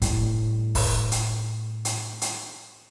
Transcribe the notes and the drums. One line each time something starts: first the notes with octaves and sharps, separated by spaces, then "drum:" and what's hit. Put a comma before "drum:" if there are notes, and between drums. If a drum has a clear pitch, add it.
A2 G3, drum: kick, hi-hat
drum: kick, open hi-hat
drum: hi-hat
drum: hi-hat
drum: hi-hat